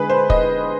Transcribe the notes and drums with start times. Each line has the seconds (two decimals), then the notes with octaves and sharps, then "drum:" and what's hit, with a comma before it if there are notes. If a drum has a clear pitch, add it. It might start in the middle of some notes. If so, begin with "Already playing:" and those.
Already playing: D3 G#3 G#4 B4
0.10 C5
0.30 D#5, drum: kick